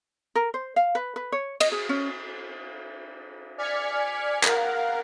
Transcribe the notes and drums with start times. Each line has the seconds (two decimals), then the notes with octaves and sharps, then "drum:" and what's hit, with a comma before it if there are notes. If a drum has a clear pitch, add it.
0.35 A#4
0.54 C5
0.76 F5
0.95 B4
1.16 B4
1.32 C#5
1.60 D#5, drum: cymbal
1.72 G#4
1.89 C#4
3.58 D5 G#5 F6 G#6 B6 C#7
4.44 A#4 F5 F#5, drum: clap